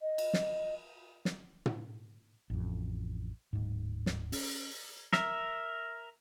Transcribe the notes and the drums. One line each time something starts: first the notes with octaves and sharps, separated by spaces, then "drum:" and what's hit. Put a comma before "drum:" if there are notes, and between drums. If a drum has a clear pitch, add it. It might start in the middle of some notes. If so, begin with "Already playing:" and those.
D#5
drum: cymbal
drum: snare
drum: snare
drum: tom
A1 F2
D1 G#2
drum: snare
C#4, drum: open hi-hat
A#4 E5, drum: snare